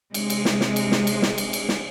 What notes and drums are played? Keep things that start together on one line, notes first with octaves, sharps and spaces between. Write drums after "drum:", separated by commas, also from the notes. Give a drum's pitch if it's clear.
C3 G#3, drum: cymbal
drum: cymbal
drum: snare
drum: snare
drum: cymbal
drum: snare
drum: cymbal
drum: snare
drum: cymbal
drum: cymbal
drum: snare